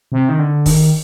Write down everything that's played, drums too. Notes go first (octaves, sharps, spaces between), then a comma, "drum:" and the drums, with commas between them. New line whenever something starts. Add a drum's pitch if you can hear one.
C3
D#3
D3
D#3, drum: kick, open hi-hat